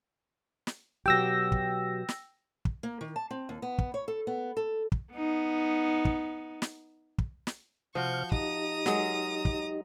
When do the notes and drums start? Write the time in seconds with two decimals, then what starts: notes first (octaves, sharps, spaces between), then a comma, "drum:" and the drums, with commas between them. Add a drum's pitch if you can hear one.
0.67 drum: snare
1.06 B2 F#3 G4 G5 E6 A#6
1.52 drum: kick
2.08 drum: snare
2.65 drum: kick
2.83 A#3
3.01 D#3
3.16 A5
3.31 C4
3.49 D#2
3.62 B3
3.78 drum: kick
3.94 C#5
4.08 A4
4.27 B3
4.57 A4
4.92 drum: kick
5.12 B3 D#4
6.05 drum: kick
6.62 drum: snare
7.18 drum: kick
7.47 drum: snare
7.95 C3 F3 F#4 C5 C#6 F6 G6
8.32 D#4 G4 D#5 A#5 D#6, drum: kick
8.86 F#3 G#3 A#4, drum: snare
9.45 drum: kick